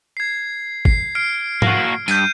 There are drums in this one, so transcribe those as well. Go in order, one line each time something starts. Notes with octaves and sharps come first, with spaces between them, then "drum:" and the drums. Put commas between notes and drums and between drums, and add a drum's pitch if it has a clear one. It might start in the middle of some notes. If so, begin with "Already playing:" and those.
G#6 C7
C7, drum: kick
F6 C7 D7
A#3 F#4, drum: tom
G2 G6 D#7, drum: tambourine